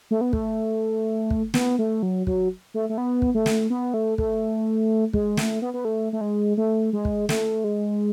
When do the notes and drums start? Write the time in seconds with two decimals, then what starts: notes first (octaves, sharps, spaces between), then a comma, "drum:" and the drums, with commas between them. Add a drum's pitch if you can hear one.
0.11 A3
0.21 B3
0.33 A3, drum: kick
1.31 drum: kick
1.54 B3, drum: snare
1.79 A3
2.03 F#3
2.27 F#3, drum: kick
2.74 A3
2.89 A3
2.98 B3
3.22 drum: kick
3.35 A3
3.46 drum: snare
3.70 B3
3.94 A3
4.18 A3, drum: kick
5.13 G#3, drum: kick
5.37 A3, drum: snare
5.62 B3
5.74 B3
5.85 A3
6.13 A3
6.21 G#3
6.57 A3
6.93 G#3
7.05 drum: kick
7.29 A3, drum: snare
7.64 G#3